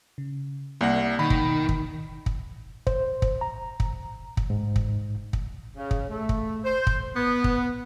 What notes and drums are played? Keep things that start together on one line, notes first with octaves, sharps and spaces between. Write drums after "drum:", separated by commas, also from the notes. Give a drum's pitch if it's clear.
C#3
C2 A#3 D5 F#5 A#6
B2 D#3 B5
drum: kick
drum: kick
drum: kick
C5, drum: kick
drum: kick
A#5
drum: kick
drum: kick
G#2
drum: kick
drum: kick
C#3
drum: kick
A3
drum: kick
C5
drum: kick
B3
drum: kick